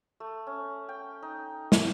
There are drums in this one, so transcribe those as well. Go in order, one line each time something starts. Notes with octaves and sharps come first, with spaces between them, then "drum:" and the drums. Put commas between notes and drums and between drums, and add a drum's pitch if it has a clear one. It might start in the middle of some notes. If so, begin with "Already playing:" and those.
A3
C#4
G5
D#4
drum: snare